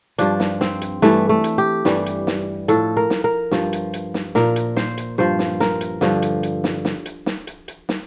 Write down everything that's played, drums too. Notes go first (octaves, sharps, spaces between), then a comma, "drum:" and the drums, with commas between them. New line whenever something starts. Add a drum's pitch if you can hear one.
G2 F3 D4, drum: hi-hat
drum: snare
C4, drum: snare
drum: hi-hat
G2 E3 G3 A3, drum: snare
A3
drum: hi-hat
G4
G2 E3 G3, drum: snare
drum: hi-hat
drum: snare
A2 F3 A4, drum: hi-hat
A#4
drum: snare
A#4
G2 F3, drum: snare
drum: hi-hat
drum: hi-hat
drum: snare
A#2 F3 A#4, drum: snare
drum: hi-hat
C5, drum: snare
drum: hi-hat
G2 F3 C5
drum: snare
A#4, drum: snare
drum: hi-hat
G2 D3 F3, drum: snare
drum: hi-hat
drum: hi-hat
drum: snare
drum: snare
drum: hi-hat
drum: snare
drum: hi-hat
drum: hi-hat
drum: snare